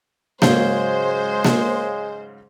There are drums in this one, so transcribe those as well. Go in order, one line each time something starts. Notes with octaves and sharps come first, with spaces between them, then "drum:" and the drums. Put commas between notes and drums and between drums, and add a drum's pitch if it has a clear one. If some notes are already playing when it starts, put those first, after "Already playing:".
G#2 C#3 F#3 G#3 C5 C#5 F5 G6, drum: snare A#3
drum: snare A#3